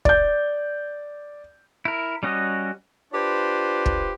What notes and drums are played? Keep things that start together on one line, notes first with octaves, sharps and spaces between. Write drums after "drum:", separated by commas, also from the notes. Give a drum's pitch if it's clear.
D5 G6, drum: kick
E4 A#4
G3 C#4 F#4 D#5
D4 F4 G4 B4 C5
drum: kick